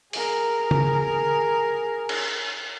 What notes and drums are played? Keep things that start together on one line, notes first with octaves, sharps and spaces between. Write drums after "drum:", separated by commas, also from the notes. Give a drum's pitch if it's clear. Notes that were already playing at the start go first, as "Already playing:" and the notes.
G#4 A#4, drum: open hi-hat
drum: tom C#3
drum: cymbal